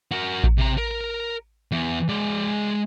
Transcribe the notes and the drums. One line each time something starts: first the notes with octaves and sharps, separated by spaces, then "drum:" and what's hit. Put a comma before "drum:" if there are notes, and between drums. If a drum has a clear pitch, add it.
F#4 A#4
drum: kick A1
C3 A#5
A#4
E2
G#3 D5